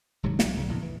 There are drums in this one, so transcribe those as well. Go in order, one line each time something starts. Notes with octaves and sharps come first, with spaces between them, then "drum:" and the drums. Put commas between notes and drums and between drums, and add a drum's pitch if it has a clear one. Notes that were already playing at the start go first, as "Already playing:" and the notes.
D#1 G#2 C3 F#3
B1 F#3 A3, drum: snare
C2 A2 C#3
A#1 E2
E3